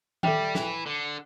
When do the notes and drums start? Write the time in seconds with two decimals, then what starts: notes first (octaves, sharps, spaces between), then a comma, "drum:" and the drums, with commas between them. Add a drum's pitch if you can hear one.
0.23 G3 A4 E5 G5, drum: tom D#3
0.55 E3, drum: snare
0.86 D3